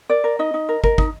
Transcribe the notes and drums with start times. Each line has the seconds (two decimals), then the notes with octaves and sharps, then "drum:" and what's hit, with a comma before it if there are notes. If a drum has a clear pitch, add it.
0.09 A#4 D5
0.24 A#4
0.39 D#4 D#5
0.54 D#4
0.69 A#4
0.84 A#4, drum: kick
0.98 D#4, drum: kick